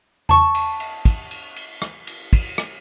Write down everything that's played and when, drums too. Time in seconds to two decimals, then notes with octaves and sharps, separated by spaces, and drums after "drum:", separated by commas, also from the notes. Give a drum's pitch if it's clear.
0.29 A5 C#6, drum: tom E2
0.55 drum: cymbal
0.80 drum: cymbal
1.05 drum: kick, cymbal
1.31 drum: cymbal
1.56 drum: cymbal
1.82 drum: rim click
2.07 drum: cymbal
2.33 drum: kick, cymbal
2.58 drum: rim click